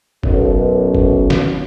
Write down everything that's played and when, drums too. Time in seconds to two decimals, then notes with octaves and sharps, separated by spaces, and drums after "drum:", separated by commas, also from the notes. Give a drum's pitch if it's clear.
0.23 B1 F#2, drum: kick
0.95 drum: kick
1.30 drum: snare